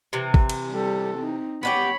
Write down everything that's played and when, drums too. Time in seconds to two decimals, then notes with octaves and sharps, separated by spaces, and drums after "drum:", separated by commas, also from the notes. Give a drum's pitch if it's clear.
0.13 C3 E3
0.34 drum: kick G#1
0.49 drum: cymbal
0.71 G3 A4
1.18 C4 D#4
1.63 B3 D4 G4 C#5 B5